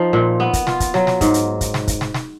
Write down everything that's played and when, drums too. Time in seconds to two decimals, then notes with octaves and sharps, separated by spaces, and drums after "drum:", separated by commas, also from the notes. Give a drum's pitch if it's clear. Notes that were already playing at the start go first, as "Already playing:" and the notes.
Already playing: F3 D#4
0.13 A#2
0.40 B3
0.53 drum: kick, hi-hat
0.67 F4, drum: snare
0.80 drum: kick, hi-hat
0.94 F#3, drum: snare
1.07 drum: snare
1.21 G#2, drum: kick, hi-hat
1.34 drum: hi-hat
1.61 drum: kick, hi-hat
1.74 drum: snare
1.88 drum: kick, hi-hat
2.01 drum: snare
2.14 drum: snare